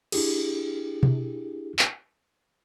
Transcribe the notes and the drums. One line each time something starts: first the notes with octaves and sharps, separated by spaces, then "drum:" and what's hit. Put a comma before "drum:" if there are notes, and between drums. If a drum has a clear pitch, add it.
D4 E4 G4 G#4, drum: cymbal
drum: tom B2
drum: clap